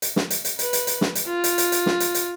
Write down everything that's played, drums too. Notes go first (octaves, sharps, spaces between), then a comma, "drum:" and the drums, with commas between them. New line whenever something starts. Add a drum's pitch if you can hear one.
drum: hi-hat
drum: snare
drum: hi-hat
drum: hi-hat
B4, drum: hi-hat
drum: hi-hat
drum: hi-hat
drum: snare
drum: hi-hat
F4
drum: hi-hat
drum: hi-hat
drum: hi-hat
drum: snare
drum: hi-hat
drum: hi-hat